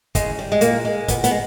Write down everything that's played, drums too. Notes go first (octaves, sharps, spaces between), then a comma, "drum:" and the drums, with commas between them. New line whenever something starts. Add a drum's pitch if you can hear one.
C#3 G#3, drum: kick, hi-hat
G3
G#3
A#2 A#3, drum: hi-hat
G#3
A#2 B3, drum: kick, hi-hat
B3, drum: hi-hat
G#3